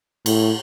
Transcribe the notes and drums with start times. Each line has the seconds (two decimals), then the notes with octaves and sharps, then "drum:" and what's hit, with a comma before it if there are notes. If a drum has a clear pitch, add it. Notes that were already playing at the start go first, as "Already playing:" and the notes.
0.26 A2, drum: cymbal